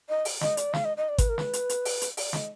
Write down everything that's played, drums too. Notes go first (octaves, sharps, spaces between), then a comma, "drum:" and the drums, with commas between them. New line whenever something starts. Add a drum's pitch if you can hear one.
D#5
drum: open hi-hat
D#5, drum: snare
D5, drum: hi-hat
F5, drum: snare
D#5
D#5
D5
B4, drum: kick G#1, hi-hat
A#4
B4, drum: snare
drum: hi-hat
drum: hi-hat
drum: open hi-hat
drum: hi-hat
D5, drum: open hi-hat
D#5, drum: snare